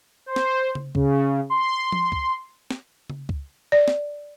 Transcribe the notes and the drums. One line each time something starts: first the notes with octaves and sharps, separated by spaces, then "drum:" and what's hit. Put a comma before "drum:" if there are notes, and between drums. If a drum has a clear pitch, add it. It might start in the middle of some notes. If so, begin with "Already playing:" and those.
C5
drum: snare
drum: tom C#3
C#3, drum: kick C#2
C6
drum: tom F3
drum: kick C#2
drum: snare
drum: tom C#3
drum: kick C#2
D5
drum: snare